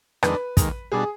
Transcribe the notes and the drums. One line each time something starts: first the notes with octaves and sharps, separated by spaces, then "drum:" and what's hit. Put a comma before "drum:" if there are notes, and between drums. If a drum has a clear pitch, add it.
F2 D#3 G#3 D4 B4, drum: rim click
D#2 D#3 G#3, drum: kick, hi-hat
B2 G3 D4 G#4